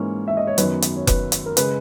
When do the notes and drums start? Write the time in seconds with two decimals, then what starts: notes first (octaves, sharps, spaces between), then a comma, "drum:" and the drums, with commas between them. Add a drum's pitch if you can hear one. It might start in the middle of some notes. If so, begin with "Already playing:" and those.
Already playing: G#2 E3 A#3 C#4 C#5
0.28 E5
0.37 D#5
0.47 C#5
0.58 F#2 D#3 F#3 B3 B4, drum: hi-hat
0.82 drum: hi-hat
0.96 C#5
1.07 B4, drum: kick F1, hi-hat
1.32 drum: hi-hat
1.46 A#4
1.57 C#3 G#3 B4, drum: hi-hat